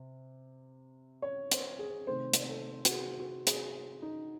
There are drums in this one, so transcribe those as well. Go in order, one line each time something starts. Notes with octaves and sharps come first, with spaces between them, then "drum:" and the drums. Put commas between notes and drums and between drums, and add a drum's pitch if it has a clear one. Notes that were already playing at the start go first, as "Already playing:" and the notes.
Already playing: C3
C#5
C5, drum: hi-hat
G#4
C3 D#3 A3 C4 C5
drum: hi-hat
A4
F#4, drum: hi-hat
G#4
F#4
G#4, drum: hi-hat
D#4